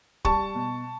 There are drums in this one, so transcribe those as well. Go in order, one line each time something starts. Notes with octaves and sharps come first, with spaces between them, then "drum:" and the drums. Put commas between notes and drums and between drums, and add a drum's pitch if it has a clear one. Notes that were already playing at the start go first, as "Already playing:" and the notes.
G3 A5 C#6, drum: kick
B2